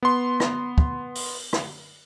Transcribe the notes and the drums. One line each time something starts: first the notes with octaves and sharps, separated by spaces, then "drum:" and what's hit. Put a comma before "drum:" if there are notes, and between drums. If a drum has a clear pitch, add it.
B3 C6
drum: rim click
drum: kick
drum: open hi-hat
drum: rim click